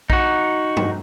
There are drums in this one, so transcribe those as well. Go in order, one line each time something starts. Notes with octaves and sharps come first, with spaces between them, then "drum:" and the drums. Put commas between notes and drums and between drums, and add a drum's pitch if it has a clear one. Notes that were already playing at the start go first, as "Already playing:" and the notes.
D#4 F#4, drum: kick A#1
drum: tom